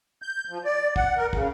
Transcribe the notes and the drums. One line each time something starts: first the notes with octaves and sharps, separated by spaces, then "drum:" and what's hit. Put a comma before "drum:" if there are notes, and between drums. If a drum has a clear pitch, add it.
G6
F3
D5
F#5, drum: kick
A#4
C#3, drum: kick